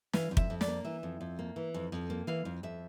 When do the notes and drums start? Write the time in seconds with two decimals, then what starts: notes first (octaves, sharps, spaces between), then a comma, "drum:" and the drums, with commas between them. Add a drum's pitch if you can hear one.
0.13 E3 F5, drum: snare
0.31 F2
0.37 E5, drum: kick
0.50 F2
0.61 D5, drum: snare
0.67 A#3
0.84 E3 E5
1.03 F2
1.21 F2
1.39 A#3
1.56 E3
1.74 F2
1.92 F2
2.10 A#3
2.27 E3 F5
2.45 F2
2.63 F2 E5